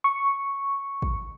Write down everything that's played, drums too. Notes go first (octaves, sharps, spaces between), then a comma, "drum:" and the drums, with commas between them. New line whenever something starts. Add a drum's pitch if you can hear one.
C#6
drum: kick